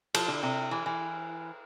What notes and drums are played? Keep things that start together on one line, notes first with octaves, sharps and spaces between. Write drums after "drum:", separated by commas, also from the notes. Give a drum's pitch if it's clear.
F3, drum: cymbal
D3
C3
E3
E3